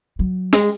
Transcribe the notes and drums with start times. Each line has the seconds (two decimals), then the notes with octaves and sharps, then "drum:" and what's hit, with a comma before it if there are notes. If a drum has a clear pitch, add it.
0.19 F#3
0.53 G#3, drum: snare